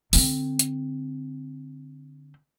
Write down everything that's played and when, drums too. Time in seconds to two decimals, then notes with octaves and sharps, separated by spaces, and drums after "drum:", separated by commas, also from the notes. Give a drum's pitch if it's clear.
0.13 D3 C4, drum: open hi-hat
0.59 drum: hi-hat